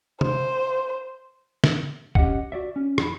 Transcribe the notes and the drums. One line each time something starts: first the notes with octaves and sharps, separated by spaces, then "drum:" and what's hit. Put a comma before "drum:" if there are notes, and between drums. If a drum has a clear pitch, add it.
C5, drum: tom C3
drum: snare
C#4 G4 D#5 F#5, drum: kick
F#4 D5 E5
C#4
F2 C#4 G4 A5 B5, drum: rim click